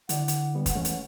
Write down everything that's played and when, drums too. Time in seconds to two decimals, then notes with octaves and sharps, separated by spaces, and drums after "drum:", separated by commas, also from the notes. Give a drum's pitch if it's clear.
0.09 D3 E4 D5 F#5, drum: hi-hat
0.28 drum: hi-hat
0.54 G3 B3 D4
0.66 drum: kick, hi-hat
0.75 E3 G#3 A3 C#4
0.85 drum: hi-hat